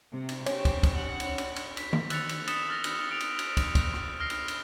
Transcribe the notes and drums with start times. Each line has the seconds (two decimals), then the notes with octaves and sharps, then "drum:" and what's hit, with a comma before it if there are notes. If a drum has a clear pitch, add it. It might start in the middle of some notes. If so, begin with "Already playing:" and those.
0.13 C3
0.29 drum: cymbal
0.46 C#4 G4 C5 C#6, drum: cymbal
0.65 drum: kick, cymbal
0.83 drum: kick, cymbal
0.95 F#5
1.20 drum: cymbal
1.38 drum: cymbal
1.56 drum: cymbal
1.77 B6, drum: cymbal
1.93 drum: tom D#3
2.10 E6 F#6 A6 C#7 F7, drum: cymbal
2.29 drum: cymbal
2.47 D#6 A6 B6 C#7 E7 G7, drum: cymbal
2.69 E6 F6 A6 A#6
2.84 drum: cymbal
3.09 D#6 D7 F7
3.20 drum: cymbal
3.39 drum: cymbal
3.57 drum: kick, cymbal
3.75 drum: kick, cymbal
3.93 drum: rim click
4.20 F6 A#6 C7
4.30 drum: cymbal
4.48 drum: cymbal